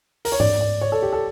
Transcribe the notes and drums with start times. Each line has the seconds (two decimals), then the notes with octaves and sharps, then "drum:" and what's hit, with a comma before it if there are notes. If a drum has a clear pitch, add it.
0.25 A#4, drum: open hi-hat
0.32 C#5
0.40 D5, drum: tom G#2
0.60 D5
0.81 C#5
0.92 A4
1.02 G4
1.13 A4